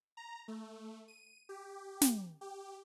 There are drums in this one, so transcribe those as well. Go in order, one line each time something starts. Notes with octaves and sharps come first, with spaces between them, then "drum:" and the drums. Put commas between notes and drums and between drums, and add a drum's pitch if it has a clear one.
A#5
A3
D#7
G4
drum: snare
G4